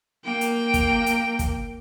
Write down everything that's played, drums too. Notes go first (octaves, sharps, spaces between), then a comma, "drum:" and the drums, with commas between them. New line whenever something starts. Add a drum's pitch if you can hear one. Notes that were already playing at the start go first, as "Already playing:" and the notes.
A#3 G5
drum: hi-hat
drum: kick, hi-hat
drum: hi-hat
drum: kick, hi-hat